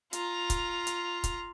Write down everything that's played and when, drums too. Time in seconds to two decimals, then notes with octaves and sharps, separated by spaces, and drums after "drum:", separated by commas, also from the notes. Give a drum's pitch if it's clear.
0.13 F4 A#5, drum: hi-hat
0.50 drum: kick, hi-hat
0.87 drum: hi-hat
1.24 drum: kick, hi-hat